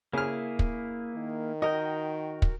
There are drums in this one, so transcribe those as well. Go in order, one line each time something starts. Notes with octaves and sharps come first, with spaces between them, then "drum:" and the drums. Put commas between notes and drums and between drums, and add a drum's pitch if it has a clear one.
C#3 A#3 E4 G#4 F6
drum: kick
D#3
F#4 A#4 D#5 G5
drum: kick